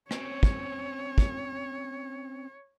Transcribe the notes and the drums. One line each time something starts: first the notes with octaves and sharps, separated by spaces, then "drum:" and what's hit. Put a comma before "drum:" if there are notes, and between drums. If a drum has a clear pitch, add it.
C4 C#4 C#5, drum: rim click
drum: kick
drum: kick